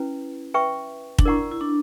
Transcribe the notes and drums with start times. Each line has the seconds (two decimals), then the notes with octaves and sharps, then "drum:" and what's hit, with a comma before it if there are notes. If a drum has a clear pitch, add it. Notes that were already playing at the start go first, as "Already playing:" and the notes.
Already playing: C#4 E4 B4
0.54 B4 E5 G5 C#6
1.18 D4, drum: kick
1.25 E4 A#4 D5 F#5 A#5 C#6
1.52 E4
1.61 D4